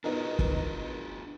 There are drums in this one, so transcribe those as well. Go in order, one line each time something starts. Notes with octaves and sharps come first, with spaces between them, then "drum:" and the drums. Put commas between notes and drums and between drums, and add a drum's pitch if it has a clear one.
B3 D4 D#4 F#4 G#4 A#4
drum: kick